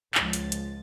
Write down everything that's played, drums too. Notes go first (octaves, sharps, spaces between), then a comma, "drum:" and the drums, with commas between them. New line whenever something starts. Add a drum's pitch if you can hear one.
C#2 F3 A6, drum: clap
drum: hi-hat
drum: hi-hat